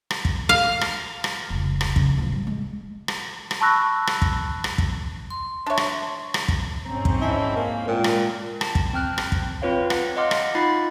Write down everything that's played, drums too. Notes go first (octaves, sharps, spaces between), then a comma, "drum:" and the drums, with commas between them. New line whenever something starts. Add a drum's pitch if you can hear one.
drum: rim click
drum: kick
F5
drum: rim click
drum: rim click
F1 C#2
drum: rim click
C#3, drum: kick
A2 F3
G3
G#3
drum: rim click
drum: rim click
A5 B5 C#6 E6 F#6 A#6
drum: rim click
drum: kick
drum: rim click
drum: kick
C6
D4 C#5 E5 A5
drum: rim click
drum: rim click
drum: kick
G#2 C4 C#4 A#5
drum: kick
E4 D#5 G#5 A5
A#3
A#2 G#3 F4 G5
drum: rim click
A5, drum: rim click
drum: kick
C4 G5 F6 F#6
drum: rim click
drum: kick
C4 F4 B4 C#5 F5
F#5, drum: rim click
D#5 F5 F#5 C6 D6 F6
drum: rim click
D#4 F4 B5 F#6 A6 C7